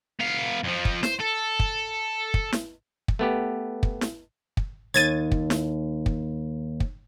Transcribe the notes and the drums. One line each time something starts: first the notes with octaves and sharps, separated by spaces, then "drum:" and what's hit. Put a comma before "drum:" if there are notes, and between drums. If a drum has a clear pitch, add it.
B3 F5
F2 F3
drum: kick
C5, drum: snare
A4
drum: kick
drum: kick
drum: snare
drum: kick
A3 B3 G4
drum: kick
drum: snare
drum: kick
D#2 G#6 A6 D#7
drum: kick
drum: snare
drum: kick
drum: kick